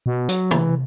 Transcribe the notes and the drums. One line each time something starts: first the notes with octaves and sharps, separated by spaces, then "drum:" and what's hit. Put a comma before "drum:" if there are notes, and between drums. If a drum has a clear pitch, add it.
B2
F#3, drum: hi-hat
E3, drum: tom